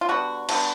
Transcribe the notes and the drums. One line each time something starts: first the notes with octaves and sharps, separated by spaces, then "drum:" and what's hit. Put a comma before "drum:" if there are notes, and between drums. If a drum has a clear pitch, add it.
F4
D3 G3 B3 F#4
D3 G3 B3, drum: cymbal